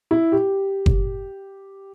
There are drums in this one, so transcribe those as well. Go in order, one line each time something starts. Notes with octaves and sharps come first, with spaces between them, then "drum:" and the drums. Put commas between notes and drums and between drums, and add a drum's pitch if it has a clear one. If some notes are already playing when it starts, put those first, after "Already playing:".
E4
G4
drum: kick F#1